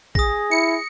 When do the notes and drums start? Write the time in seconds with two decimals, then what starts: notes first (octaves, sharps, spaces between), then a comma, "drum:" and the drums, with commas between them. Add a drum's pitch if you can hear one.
0.15 G#4 D#6 A#6, drum: kick A#1
0.51 E4 C#7